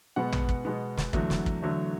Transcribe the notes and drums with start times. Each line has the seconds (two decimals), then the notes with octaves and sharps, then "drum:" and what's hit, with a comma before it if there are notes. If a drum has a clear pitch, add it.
0.16 B2 G#3 B3 F#5
0.32 drum: tom
0.49 drum: kick
0.65 B2 G#3 B3
0.97 drum: snare
1.13 E2 D3 F#3 A3, drum: kick
1.30 drum: snare
1.46 drum: kick
1.62 E2 D3 F#3 A3